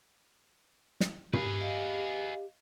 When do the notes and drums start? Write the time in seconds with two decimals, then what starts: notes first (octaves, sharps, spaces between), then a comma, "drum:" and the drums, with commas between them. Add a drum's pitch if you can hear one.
1.00 drum: snare
1.33 G4 G#4 B4, drum: tom
1.61 D#5 F5